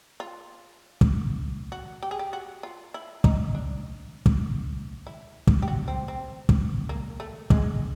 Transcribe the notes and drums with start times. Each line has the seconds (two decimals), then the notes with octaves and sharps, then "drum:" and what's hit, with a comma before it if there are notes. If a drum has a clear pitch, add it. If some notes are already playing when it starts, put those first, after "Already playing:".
0.20 F4
1.01 drum: kick
1.72 F#4
2.03 G4
2.11 G#4
2.19 G4
2.33 F#4
2.63 F4
2.94 E4
3.24 D#4, drum: kick
3.55 D4
4.26 drum: kick
5.07 E4
5.47 drum: kick
5.62 G4
5.68 F#4
5.88 C4
6.08 C4
6.49 drum: kick
6.89 A#3
7.20 A3
7.50 G#3, drum: kick